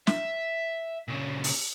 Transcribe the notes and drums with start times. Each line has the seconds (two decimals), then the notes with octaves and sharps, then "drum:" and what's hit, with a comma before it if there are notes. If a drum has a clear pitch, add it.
0.07 E5, drum: snare
1.08 A#2 C#3
1.44 drum: open hi-hat